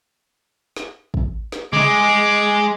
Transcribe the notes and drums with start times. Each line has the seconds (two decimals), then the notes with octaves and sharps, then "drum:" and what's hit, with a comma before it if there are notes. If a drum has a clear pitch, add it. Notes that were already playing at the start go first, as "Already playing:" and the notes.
0.76 drum: snare
1.14 drum: kick
1.52 drum: snare
1.73 G#3 G#4 D6, drum: tom C3